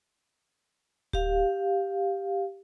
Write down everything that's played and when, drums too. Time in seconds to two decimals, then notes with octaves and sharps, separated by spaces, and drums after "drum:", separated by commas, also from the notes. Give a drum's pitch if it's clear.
1.13 G4 F5, drum: kick D1